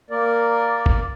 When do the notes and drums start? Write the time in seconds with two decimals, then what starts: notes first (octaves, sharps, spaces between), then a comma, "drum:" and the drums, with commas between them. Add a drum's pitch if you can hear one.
0.10 A#3 A#4 D5
0.86 drum: kick G#1